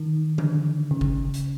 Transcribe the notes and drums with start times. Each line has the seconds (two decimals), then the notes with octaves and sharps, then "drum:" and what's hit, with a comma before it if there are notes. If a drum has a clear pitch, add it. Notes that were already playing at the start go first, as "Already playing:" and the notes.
Already playing: D#3
0.38 D3, drum: tom E3
0.91 C#3
1.01 drum: kick
1.34 drum: hi-hat